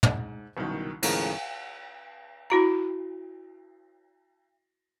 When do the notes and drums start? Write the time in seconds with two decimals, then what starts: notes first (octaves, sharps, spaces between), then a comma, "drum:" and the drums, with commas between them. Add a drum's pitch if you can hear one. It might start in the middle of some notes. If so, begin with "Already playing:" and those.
0.03 G#2, drum: tom
0.57 F#1 C2 B2 D#3
1.03 D#2 A2 C#3 F3 G#3 A#4, drum: cymbal
2.50 E4 F#4 A#5